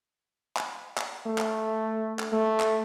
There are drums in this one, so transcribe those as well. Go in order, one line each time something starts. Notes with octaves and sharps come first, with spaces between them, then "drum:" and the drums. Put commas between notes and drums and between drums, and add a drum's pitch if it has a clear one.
drum: clap
drum: clap
A3
drum: clap
drum: clap
A3
drum: clap